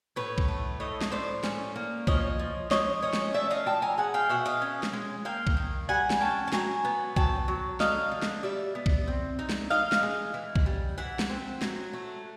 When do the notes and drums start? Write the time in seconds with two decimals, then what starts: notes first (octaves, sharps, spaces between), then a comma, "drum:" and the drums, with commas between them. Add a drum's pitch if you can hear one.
0.16 A2 B4 C#5
0.38 drum: kick B1
0.48 A3
0.80 A2 C#5 D#5
1.01 drum: snare
1.12 A2 C5 D5
1.43 C#4, drum: snare
1.76 A#3
2.07 F3 C#5 D#5, drum: kick B1
2.39 F3
2.71 F3 C#5 D#5, drum: snare
3.02 C#4 C#5 D#5
3.13 drum: snare
3.34 A3 D5 E5
3.51 D#5 F5
3.66 F3 G5 A5
3.82 G#5 A#5
3.98 G#3 F#5 G#5
4.14 F5 G5
4.29 B2 E5 F#5
4.46 D#5 F5
4.62 C#4
4.83 drum: snare
4.93 G#3
5.25 A#3 F5 G5
5.47 drum: kick B1
5.57 D#3
5.89 G3 F#5 G#5
6.10 drum: snare
6.21 C#4 G5 A5
6.47 A5
6.52 F#3 G#5 A#5, drum: snare
6.85 B3
7.16 F#3 G5 A5, drum: kick B1
7.48 F#3
7.80 D3 D#5 F5, drum: snare
8.11 D3
8.22 drum: snare
8.43 G3 D5 E5
8.75 B3
8.86 drum: kick B1
9.08 C4
9.39 D#4
9.49 drum: snare
9.70 D#4 D#5 F5
9.92 drum: snare
10.03 G#3
10.34 E3
10.56 drum: kick B1
10.66 G3
10.98 E3 E5 F#5
11.19 drum: snare
11.29 C4
11.61 F#3, drum: snare
11.93 A3